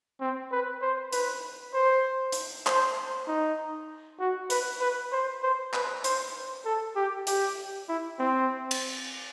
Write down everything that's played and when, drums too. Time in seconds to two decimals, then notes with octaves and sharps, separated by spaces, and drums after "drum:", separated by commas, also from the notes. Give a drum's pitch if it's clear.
0.21 C4
0.52 B4
0.82 C5
1.13 B4, drum: hi-hat
1.74 C5
2.32 drum: hi-hat
2.67 C5, drum: clap
3.28 D#4
4.20 F#4
4.50 B4, drum: hi-hat
4.81 B4
5.12 C5
5.43 C5
5.73 B4, drum: clap
6.04 C5, drum: hi-hat
6.65 A4
6.96 G4
7.27 G4, drum: hi-hat
7.89 E4
8.19 C4
8.71 drum: cymbal